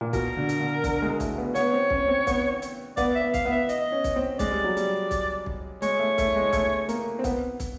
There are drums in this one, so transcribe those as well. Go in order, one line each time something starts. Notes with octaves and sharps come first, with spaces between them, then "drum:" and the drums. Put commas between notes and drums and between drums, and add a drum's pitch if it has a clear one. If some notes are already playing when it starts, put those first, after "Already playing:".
A#2
B2 A#4, drum: kick, hi-hat
D3
drum: hi-hat
D3
D3, drum: kick, hi-hat
G#3
A3, drum: kick, hi-hat
B3
B3 C#5, drum: hi-hat
C4
C#4, drum: kick
C4
B3, drum: kick, hi-hat
drum: hi-hat
B3 D5, drum: kick, hi-hat
E5
B3
F5, drum: kick, hi-hat
B3
E5
D#5, drum: hi-hat
C#4
drum: kick, hi-hat
C4
G#3 D5, drum: kick, hi-hat
G3
F#3
G3, drum: hi-hat
drum: kick, hi-hat
drum: kick
G#3 C#5, drum: hi-hat
A3
A3, drum: kick, hi-hat
G#3
A3, drum: kick, hi-hat
A#3, drum: hi-hat
C4
B3, drum: kick, hi-hat
drum: kick, hi-hat